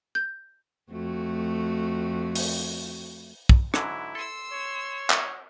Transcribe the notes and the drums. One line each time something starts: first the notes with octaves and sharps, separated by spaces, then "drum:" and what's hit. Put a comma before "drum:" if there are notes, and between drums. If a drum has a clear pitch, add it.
G6
F2 A3 F#4
drum: open hi-hat
drum: kick
G#2 D3 F#3 E4, drum: rim click
A4 C6 E6
C#5
drum: clap